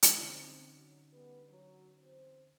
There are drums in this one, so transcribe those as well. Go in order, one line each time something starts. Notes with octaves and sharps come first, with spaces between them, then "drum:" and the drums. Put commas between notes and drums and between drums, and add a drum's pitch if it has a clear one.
drum: hi-hat
D3 C4 C#4 D#4
F#3
D2 G3 B3
F#3
E2 C4 C5